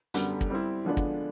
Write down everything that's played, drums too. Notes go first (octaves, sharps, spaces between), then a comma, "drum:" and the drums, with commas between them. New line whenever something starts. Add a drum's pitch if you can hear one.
F#2 D3 G3 B3, drum: hi-hat
drum: kick
G3 C4 E4
D3 F3 G#3 B3 D4
drum: kick